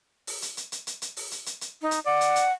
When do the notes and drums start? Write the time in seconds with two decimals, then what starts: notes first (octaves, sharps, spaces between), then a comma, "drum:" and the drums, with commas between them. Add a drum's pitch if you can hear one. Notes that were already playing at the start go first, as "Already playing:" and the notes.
0.27 drum: open hi-hat
0.42 drum: hi-hat
0.57 drum: hi-hat
0.72 drum: hi-hat
0.87 drum: hi-hat
1.02 drum: hi-hat
1.17 drum: open hi-hat
1.31 drum: hi-hat
1.46 drum: hi-hat
1.61 drum: hi-hat
1.82 D#4
1.91 drum: hi-hat
2.06 D5 F#5
2.21 drum: hi-hat
2.36 drum: hi-hat